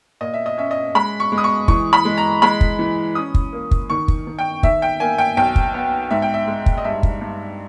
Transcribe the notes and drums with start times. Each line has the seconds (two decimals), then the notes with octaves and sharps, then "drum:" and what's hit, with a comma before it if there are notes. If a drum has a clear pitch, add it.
0.21 A#2 D#5
0.34 E5
0.46 D#5
0.58 C#4 E5
0.71 D#5
0.95 G#3 B5
1.20 C#6
1.32 G#3
1.38 D#6
1.44 C#6
1.68 E3 C#6, drum: kick
1.93 B5
2.05 G#3
2.18 A#5
2.42 G#3 B5
2.61 drum: kick
2.79 E3
3.15 C#4 D#6
3.34 drum: kick
3.53 A#3
3.71 drum: kick
3.90 D#3 C#6
4.08 drum: kick
4.27 D#3
4.39 G5
4.63 D#3 E5, drum: kick
4.82 G5
5.00 A#3 G#5
5.18 G5
5.37 B1 G5
5.56 drum: kick
5.74 B3
6.11 G#2 E5
6.22 G5
6.34 E5
6.48 G#3
6.66 drum: kick
6.78 D#5
6.84 G2 E5
7.03 drum: kick
7.21 G2